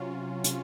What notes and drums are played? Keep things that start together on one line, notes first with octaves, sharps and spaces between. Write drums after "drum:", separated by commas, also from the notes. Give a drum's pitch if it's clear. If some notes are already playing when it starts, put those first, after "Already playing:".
Already playing: C3 F#3 C#4 F4
C3 F#3 C#4 F4, drum: hi-hat